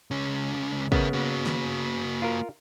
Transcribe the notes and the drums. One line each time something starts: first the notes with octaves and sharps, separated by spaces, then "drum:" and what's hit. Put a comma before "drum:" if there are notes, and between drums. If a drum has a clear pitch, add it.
C#2 C#4
C#3 B3 A#4 E5, drum: kick
A#3 F#4
drum: snare
F4 A#4